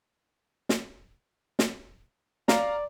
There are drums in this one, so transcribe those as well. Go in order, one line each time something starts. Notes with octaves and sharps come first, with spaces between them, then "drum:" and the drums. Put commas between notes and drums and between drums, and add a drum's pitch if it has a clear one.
drum: snare
drum: snare
D5 F5 A#5, drum: snare